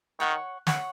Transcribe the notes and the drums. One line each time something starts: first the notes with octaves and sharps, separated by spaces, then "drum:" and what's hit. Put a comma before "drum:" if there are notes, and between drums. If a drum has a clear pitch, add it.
D#3 C#5 F#5 C#6
C#5 F#5 C#6, drum: snare